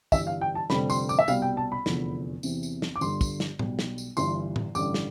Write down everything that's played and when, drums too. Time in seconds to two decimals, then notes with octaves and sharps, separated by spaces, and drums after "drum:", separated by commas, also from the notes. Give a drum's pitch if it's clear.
0.12 G1 G2 E3 G3 E5, drum: kick, tambourine
0.27 F5
0.41 G5
0.55 A5
0.70 F1 F2 D3 G3 B5, drum: snare
0.90 C6, drum: tambourine
1.09 D6, drum: tambourine
1.19 E5
1.28 C2 B2 G3 F5, drum: tambourine
1.42 G5
1.57 A5
1.72 B5
1.86 F1 E2 D3 F3, drum: snare
2.43 E2 C3 E3, drum: tambourine
2.63 drum: tambourine
2.82 drum: snare
2.96 D6
3.01 G1 G2 D3 C6, drum: tambourine
3.21 drum: kick, tambourine
3.40 drum: snare
3.59 B1 B2 G3, drum: tom A2
3.79 drum: snare
3.98 drum: tambourine
4.17 G1 G2 E3 C6, drum: tambourine
4.56 drum: tom A2
4.75 A1 G2 D3 G3 D6, drum: tambourine
4.94 drum: snare